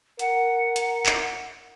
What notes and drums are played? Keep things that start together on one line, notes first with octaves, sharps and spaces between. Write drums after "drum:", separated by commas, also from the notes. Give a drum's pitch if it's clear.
A#4 F#5, drum: hi-hat
drum: hi-hat
drum: clap